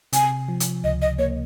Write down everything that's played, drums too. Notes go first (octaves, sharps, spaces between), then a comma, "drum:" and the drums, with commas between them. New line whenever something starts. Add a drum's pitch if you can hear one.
C3 G#5, drum: hi-hat
F3
drum: hi-hat
C#2 D#5
D#5
A#3 C#5